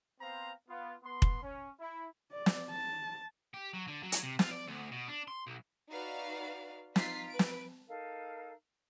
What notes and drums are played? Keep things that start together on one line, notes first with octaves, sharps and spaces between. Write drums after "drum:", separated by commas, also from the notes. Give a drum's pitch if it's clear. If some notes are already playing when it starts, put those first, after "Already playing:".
B3 C4 C5 F5 A#5
B3 F4
B3 C6
drum: kick F1
C#4
E4
D5
drum: snare
A5
G4
F#3
D3
F#3
drum: hi-hat
C3
F4, drum: snare
D5
D2
B2
D4
C6
B1
D#4 F#4 B4 D5 F5
D#4 F4 B6 C7, drum: snare
B4 D7
drum: snare
D#4 A4 A#4 F5